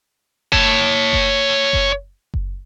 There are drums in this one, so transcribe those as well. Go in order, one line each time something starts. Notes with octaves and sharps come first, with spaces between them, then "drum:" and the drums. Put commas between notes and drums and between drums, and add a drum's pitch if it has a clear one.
C#5 A5, drum: kick F#1
drum: kick F#1
drum: kick F#1
drum: kick F#1